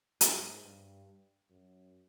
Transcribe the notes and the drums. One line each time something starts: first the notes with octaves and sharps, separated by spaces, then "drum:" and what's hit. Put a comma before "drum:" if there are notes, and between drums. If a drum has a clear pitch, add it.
G#2, drum: hi-hat
G2
F#2